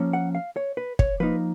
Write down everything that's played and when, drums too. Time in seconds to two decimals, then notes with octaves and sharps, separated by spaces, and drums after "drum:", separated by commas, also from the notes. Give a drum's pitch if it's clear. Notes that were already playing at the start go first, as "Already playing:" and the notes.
Already playing: F3 A#3 C#4
0.13 F#5
0.35 F5
0.56 C#5
0.77 B4
0.99 C#5, drum: kick
1.20 F3 A#3 D#4 B4